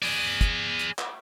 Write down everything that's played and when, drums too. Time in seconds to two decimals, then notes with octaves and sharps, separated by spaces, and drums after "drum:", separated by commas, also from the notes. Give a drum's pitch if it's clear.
0.02 G#4 D5, drum: open hi-hat
0.41 drum: kick, hi-hat
0.79 drum: hi-hat
0.99 drum: clap